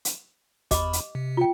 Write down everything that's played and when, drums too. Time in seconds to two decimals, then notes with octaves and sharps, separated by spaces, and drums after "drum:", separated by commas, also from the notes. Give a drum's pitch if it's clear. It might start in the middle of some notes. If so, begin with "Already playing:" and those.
0.05 drum: hi-hat
0.71 E2 G4 D#5 B5 D6, drum: kick, hi-hat
0.93 drum: hi-hat
1.15 C3
1.37 F4 G5